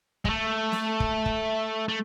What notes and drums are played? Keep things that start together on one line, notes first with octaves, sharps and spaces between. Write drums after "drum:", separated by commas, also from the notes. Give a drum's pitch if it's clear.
G#3, drum: kick
A3
drum: snare
drum: kick
drum: kick
A3